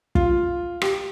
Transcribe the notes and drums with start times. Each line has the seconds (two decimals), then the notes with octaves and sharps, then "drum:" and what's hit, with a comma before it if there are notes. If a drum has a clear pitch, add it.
0.15 F4, drum: kick
0.81 G4, drum: rim click